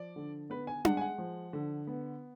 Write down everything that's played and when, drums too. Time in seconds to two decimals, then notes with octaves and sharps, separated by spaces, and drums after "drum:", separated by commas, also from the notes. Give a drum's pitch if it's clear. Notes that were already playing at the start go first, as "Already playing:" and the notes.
Already playing: F3 D5
0.16 D3
0.50 B3 B4
0.67 G#5
0.85 G#3 F#5, drum: tom D4
0.97 G#5
1.01 F#5
1.18 F3
1.53 D3
1.87 B3